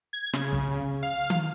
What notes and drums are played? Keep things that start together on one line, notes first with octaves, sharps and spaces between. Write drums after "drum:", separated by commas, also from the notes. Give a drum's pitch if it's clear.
G#6
C#3, drum: snare
drum: kick
F5
drum: tom D#3